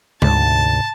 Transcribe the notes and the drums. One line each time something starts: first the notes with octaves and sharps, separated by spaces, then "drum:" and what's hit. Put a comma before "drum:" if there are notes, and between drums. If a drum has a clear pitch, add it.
D2 G#2 C3 A5, drum: tom C3